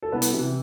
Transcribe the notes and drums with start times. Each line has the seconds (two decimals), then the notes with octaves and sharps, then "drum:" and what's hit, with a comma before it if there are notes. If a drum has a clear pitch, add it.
0.03 A4
0.12 C2 B3 B4
0.22 drum: hi-hat
0.33 C3 E3